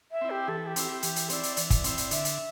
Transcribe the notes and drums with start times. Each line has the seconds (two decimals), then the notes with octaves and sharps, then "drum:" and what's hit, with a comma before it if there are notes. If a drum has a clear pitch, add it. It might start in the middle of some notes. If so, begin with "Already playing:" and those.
0.12 E5
0.21 C4 E4
0.30 G4
0.48 E3 A4
0.66 G4
0.76 C4 E4, drum: hi-hat
0.85 G4
1.02 E3 G4, drum: hi-hat
1.16 drum: hi-hat
1.29 C4 E4 D5, drum: hi-hat
1.43 drum: hi-hat
1.57 E3 D5, drum: hi-hat
1.70 drum: kick, hi-hat
1.84 C4 E4, drum: hi-hat
1.98 drum: hi-hat
2.11 D3 E5, drum: hi-hat
2.25 drum: hi-hat